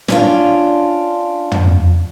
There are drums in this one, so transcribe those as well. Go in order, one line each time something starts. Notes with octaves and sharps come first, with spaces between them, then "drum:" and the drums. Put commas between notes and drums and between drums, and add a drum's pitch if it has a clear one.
C#4 D4 F4, drum: snare
drum: tom